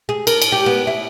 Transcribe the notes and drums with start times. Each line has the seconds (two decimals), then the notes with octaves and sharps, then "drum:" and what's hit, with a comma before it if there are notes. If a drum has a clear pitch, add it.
0.09 G#4
0.27 A#4, drum: cymbal
0.42 drum: cymbal
0.52 G4
0.66 B3
0.87 E4